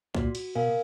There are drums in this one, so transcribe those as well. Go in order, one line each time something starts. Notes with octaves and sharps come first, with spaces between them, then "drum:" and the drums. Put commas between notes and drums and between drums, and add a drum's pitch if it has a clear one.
A#2 F#4, drum: kick
drum: cymbal
B2 A#4 F5 G#5